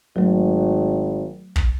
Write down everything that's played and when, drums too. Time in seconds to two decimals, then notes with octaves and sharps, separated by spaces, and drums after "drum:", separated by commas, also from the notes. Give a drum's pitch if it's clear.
0.16 G#1 F#3 A3
1.56 drum: kick